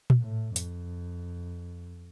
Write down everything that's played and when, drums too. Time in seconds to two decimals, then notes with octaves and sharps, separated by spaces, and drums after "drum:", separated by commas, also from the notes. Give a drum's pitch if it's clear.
0.10 drum: tom A#2
0.20 A2
0.56 F2, drum: hi-hat